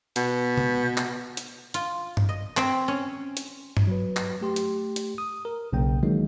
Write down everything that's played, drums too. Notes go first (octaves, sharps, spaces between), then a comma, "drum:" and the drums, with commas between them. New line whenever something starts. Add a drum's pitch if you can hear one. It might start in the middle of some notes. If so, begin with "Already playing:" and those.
B2, drum: hi-hat
drum: tom C3
drum: clap
drum: hi-hat
F4, drum: hi-hat
drum: tom G2
D#5
C4, drum: clap
C#4
drum: hi-hat
drum: tom G2
F#3 B4
drum: clap
A3 G4 C6
drum: hi-hat
drum: hi-hat
D#6
A#4
B1 C#3 A#3 C#4 G5
D#3 E3 F#3 G#3 A#3 D#4